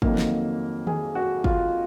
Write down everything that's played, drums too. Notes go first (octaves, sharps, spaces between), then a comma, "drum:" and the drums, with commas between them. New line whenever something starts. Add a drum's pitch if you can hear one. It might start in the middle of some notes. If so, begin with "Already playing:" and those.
F2 D#3 F#3 A#3, drum: kick G1
drum: snare
G#4, drum: tom D#3
F#4
F4, drum: kick G1